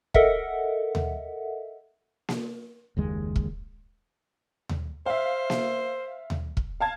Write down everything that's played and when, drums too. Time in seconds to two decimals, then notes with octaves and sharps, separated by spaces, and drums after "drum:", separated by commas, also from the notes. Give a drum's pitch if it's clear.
0.14 A4 A#4 D#5 E5 F#5, drum: kick
0.95 drum: tom D#2
2.29 drum: snare A#3
2.97 F#1 D#2 G#3
3.36 drum: kick
4.69 drum: tom D#2
5.06 C5 E5 F5
5.50 drum: snare A#3
6.30 drum: tom D#2
6.57 drum: kick
6.80 F5 A5 G#6